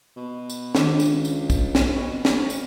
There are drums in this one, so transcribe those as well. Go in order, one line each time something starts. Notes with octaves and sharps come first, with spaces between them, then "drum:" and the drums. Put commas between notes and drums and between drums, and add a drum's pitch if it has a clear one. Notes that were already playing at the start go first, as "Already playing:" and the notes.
B2
drum: tambourine
C#2 D#3 D4, drum: snare
drum: tambourine
drum: tambourine
drum: kick, tambourine
drum: snare
B2
drum: snare
drum: tambourine